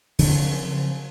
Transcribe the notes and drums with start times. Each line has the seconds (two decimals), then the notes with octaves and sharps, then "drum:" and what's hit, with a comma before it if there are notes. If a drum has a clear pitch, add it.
0.19 C#3 F3 F#3 C4, drum: open hi-hat